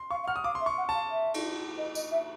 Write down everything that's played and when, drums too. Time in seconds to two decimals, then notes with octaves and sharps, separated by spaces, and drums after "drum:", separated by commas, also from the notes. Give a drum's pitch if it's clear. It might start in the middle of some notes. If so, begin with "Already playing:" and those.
Already playing: C6
0.11 F5 C#6
0.23 F5
0.27 F#5 F6
0.36 D#6
0.44 F5 D6
0.55 C6
0.60 E5
0.66 C#6
0.78 F#5
0.89 A5
0.94 F5
1.11 E5
1.34 drum: cymbal
1.78 D#5
1.95 D#5, drum: tambourine
2.11 E5